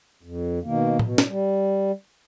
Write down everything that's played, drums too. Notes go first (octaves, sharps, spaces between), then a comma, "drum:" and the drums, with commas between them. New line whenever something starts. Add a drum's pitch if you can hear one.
F2
B2 D#3 A#3
B2, drum: tom A2
drum: snare
G3